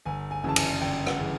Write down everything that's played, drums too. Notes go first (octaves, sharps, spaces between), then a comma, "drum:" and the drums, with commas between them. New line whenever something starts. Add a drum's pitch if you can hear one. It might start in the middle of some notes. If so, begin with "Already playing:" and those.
G1 G#5
G#5
F#2 C#3 E3 A5
G#5, drum: cymbal
G1 G5
F#5, drum: rim click
C#3 E3